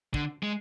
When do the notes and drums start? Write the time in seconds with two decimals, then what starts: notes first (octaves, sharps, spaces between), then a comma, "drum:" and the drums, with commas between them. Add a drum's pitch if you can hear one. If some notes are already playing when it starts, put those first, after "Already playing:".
0.14 D3, drum: kick
0.43 G#3